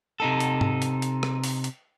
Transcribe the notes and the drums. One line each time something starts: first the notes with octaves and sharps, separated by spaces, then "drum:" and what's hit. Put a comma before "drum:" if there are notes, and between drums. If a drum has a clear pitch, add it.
C3 D#4 A4
drum: hi-hat
drum: tom G#2
drum: hi-hat
drum: hi-hat
drum: rim click
drum: open hi-hat
drum: hi-hat